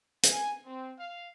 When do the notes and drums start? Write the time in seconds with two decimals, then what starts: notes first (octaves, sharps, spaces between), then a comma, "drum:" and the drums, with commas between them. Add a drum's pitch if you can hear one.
0.23 G#5, drum: hi-hat
0.66 C4
0.99 F5